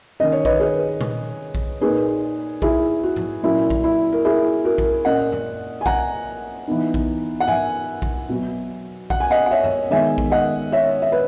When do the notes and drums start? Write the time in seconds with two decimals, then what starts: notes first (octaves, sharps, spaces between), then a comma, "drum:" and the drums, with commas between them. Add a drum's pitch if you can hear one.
0.20 D#3 A#3 C#4 D#5
0.32 C#5
0.45 B4 D#5, drum: kick A#1
0.60 G#4 B4
1.01 drum: tom A#2
1.55 drum: kick A#1
1.81 A#2 A#3 D#4 G#4 B4
2.62 E4 G#4, drum: kick A#1
3.03 F#4
3.16 drum: tom G#2
3.43 A#2 F#3 A#3 C#4 E4
3.70 drum: kick A#1
3.84 E4
4.12 A#4
4.25 E4 G#4
4.64 F#4 A#4
4.78 drum: kick A#1
5.05 A#2 A#3 C#4 D#5 F#5
5.32 drum: tom F#2
5.81 G#5
5.86 F#5 A#5, drum: kick A#1
6.67 E3 B3 D#4
6.94 drum: kick A#1
7.40 F#5
7.48 E5 G#5, drum: tom G#2
8.02 drum: kick A#1
8.29 B2 F#3 B3
9.10 F#5, drum: kick A#1
9.20 G#5
9.31 D#5 F#5
9.46 F#5
9.51 C#5 E5
9.64 drum: tom F#2
9.90 D#3 G#3 B3 E5 G#5
10.18 drum: kick A#1
10.31 D#5 F#5
10.72 C#5 E5
11.02 E5
11.12 B4